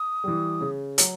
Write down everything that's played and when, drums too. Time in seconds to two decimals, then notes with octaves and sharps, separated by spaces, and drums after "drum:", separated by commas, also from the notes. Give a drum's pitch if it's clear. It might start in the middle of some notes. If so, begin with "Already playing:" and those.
Already playing: D#6
0.24 E3 G3
0.61 C#3
0.98 F#3, drum: hi-hat